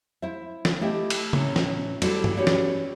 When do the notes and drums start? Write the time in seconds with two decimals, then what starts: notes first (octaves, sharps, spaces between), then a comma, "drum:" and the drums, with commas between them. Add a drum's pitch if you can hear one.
0.22 E4 C5 E5
0.65 drum: snare
0.81 A3 E4 G4 D#5 E5 G5
1.10 drum: cymbal
1.33 A2 C3 C#4 E4, drum: tom C#3
1.56 drum: snare
2.02 G3 E4 F#4 A4 C5 D5, drum: cymbal
2.24 drum: tom G2
2.37 C#4 F#4 G4 B4 C#5 D5
2.47 drum: snare